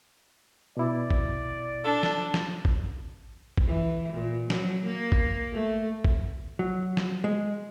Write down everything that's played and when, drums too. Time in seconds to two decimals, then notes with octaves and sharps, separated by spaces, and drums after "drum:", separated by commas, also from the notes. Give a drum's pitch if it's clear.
0.77 B2 E4 D5
1.10 drum: kick A1
1.85 D4 A4
2.03 drum: snare
2.34 drum: snare
2.65 drum: kick A1
3.57 drum: kick A1
3.67 E3
4.13 A#2
4.50 F#3, drum: snare
4.84 A#3
5.12 drum: kick A1
5.52 A3
6.04 drum: kick A1
6.59 F#3
6.97 drum: snare
7.24 G#3